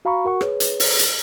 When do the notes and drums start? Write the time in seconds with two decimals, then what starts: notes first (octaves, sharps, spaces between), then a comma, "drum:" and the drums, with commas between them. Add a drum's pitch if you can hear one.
0.05 F#4 F5 A#5 B5 C#6
0.25 F#4 A#4 F#5 C#6
0.41 G#4 B4 C#5, drum: rim click
0.60 drum: hi-hat
0.80 drum: open hi-hat
0.99 drum: hi-hat